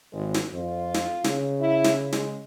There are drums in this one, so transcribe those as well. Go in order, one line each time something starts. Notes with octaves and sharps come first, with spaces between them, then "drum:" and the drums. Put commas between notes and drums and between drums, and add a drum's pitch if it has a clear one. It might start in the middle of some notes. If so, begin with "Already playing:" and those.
G#1 G#3
drum: snare
F2 F4
drum: snare
C#3, drum: snare
E4
drum: snare
G#3, drum: snare